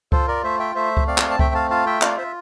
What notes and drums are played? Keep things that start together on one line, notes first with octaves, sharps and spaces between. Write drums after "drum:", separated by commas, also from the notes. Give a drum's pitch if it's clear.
F4 A4 C5, drum: kick C#2
A#4 D5
A3 C5 E5
E5 G5
A3 C5 E5
drum: kick C#2
C4 D5 F5
drum: clap
A5
A3 E5 G5, drum: kick C#2
F5 A5
F4 F5 A5
E5 G5
F4 D5 F5, drum: clap
C5 E5